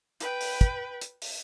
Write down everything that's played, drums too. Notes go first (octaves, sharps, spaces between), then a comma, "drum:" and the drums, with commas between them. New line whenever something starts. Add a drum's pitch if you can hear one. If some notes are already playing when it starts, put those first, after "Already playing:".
B4 G5, drum: hi-hat
drum: open hi-hat
drum: kick, hi-hat
drum: hi-hat
drum: open hi-hat